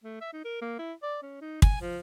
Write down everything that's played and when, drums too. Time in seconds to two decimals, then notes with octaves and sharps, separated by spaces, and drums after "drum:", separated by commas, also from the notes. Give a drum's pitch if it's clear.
0.04 A3
0.21 E5
0.33 D#4
0.45 A#4
0.62 A#3
0.79 E4
1.03 D5
1.23 C#4
1.41 D#4
1.62 G#5, drum: kick
1.81 F3